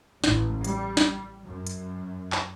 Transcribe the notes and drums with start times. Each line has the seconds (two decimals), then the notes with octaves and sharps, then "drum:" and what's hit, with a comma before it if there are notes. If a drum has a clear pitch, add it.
0.24 A1, drum: snare
0.64 G3, drum: hi-hat
0.97 drum: snare
1.45 F#2
1.67 drum: hi-hat
2.32 drum: clap